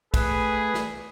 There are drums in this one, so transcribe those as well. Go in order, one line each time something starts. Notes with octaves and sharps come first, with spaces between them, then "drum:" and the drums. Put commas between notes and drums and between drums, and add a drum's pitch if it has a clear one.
A3 G#4 B4, drum: kick, cymbal
drum: snare